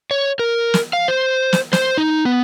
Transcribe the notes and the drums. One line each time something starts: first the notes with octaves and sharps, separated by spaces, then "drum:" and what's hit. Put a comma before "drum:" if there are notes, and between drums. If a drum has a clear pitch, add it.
C#5
A#4
drum: snare
F5
C5
drum: snare
C5, drum: snare
D#4
B3